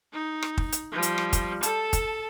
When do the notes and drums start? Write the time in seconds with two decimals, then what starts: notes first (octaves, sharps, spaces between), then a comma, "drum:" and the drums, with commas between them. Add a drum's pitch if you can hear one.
0.13 D#4
0.42 drum: rim click
0.58 drum: kick
0.73 drum: hi-hat
0.92 F3 G3
1.03 drum: hi-hat
1.18 drum: rim click
1.33 drum: kick, hi-hat
1.63 A4 A5, drum: hi-hat
1.93 drum: kick, hi-hat